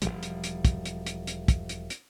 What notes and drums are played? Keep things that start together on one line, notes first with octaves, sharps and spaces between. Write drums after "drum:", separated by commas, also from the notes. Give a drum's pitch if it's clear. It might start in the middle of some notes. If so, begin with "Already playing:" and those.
E1 E2 F3 G3, drum: hi-hat
drum: hi-hat
drum: hi-hat
drum: kick, hi-hat
drum: hi-hat
drum: hi-hat
drum: hi-hat
drum: kick, hi-hat
drum: hi-hat
drum: hi-hat